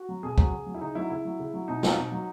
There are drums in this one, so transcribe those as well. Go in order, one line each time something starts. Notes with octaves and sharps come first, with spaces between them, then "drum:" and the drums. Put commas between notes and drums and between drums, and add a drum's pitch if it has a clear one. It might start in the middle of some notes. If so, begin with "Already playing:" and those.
Already playing: F#4
F#3
B2 G#4
F#3, drum: kick
C#3
F#3
E4
C#3 D#4
F#3 E4
C#3 E4
F#3
C#3
F#3
B2 D#4
F#3, drum: snare
B2
F#3